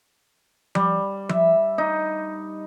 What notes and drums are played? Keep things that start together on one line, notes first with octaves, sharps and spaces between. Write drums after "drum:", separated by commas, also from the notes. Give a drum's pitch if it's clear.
G3, drum: tom F3
E5, drum: tom F3
D#4